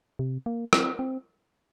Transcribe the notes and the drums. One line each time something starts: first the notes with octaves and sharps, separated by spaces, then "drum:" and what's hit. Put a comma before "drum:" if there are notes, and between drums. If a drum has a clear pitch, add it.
C3
A#3
C4, drum: rim click
C4